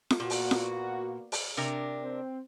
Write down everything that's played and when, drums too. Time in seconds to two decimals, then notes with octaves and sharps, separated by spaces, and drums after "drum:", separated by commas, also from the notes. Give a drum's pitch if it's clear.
0.10 drum: snare F4
0.20 A#2 A#3 B3 F#4
0.30 drum: open hi-hat
0.51 drum: snare F4
1.32 drum: open hi-hat
1.57 C3 D4 A#4
2.02 C4